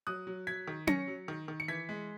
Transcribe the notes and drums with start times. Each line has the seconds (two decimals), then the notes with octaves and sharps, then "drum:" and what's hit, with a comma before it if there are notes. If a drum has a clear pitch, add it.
0.07 F#3 D#6 F#6
0.27 F#3
0.47 F#3 G#6 B6
0.68 D#3
0.87 C#4 A#6 C#7, drum: tom C#4
1.08 F#3
1.28 D#3
1.48 D#3
1.60 C#7
1.68 E3 G#6 B6
1.89 G#3